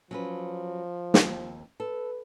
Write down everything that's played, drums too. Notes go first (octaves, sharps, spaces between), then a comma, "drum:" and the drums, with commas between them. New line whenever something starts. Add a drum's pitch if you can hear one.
F3 F#3 C#4 B4
D#2 C4, drum: snare
A4 B4